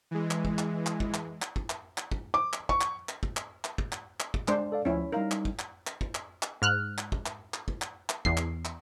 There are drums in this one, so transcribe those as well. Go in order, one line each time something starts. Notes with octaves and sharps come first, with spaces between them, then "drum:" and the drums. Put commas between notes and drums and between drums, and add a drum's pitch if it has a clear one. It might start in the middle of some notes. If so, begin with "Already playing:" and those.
E3 G#3
drum: clap
drum: kick
drum: clap
drum: clap
drum: kick
drum: clap
drum: clap
drum: kick
drum: clap
drum: clap
drum: kick
D6
drum: clap
C#6, drum: kick
drum: clap
drum: clap
drum: kick
drum: clap
drum: clap
drum: kick
drum: clap
drum: clap
drum: kick
G#3 D4 C5, drum: clap
A4 D5 F5
D2 F3 C#4 E4
G3 D#4 A#4 F5
drum: clap
drum: kick
drum: clap
drum: clap
drum: kick
drum: clap
drum: clap
G#2 F6 F#6
drum: clap
drum: kick
drum: clap
drum: clap
drum: kick
drum: clap
drum: clap
E2 C7, drum: kick
drum: clap
drum: clap